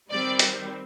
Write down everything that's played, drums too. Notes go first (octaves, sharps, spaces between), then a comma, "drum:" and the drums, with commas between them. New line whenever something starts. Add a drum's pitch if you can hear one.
D#3 G3 C4 D5
drum: hi-hat